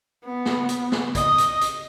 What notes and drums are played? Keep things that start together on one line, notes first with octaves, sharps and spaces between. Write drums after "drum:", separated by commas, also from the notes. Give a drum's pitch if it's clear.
B3
drum: snare
drum: hi-hat
drum: snare
D#5, drum: kick, hi-hat
drum: hi-hat
drum: hi-hat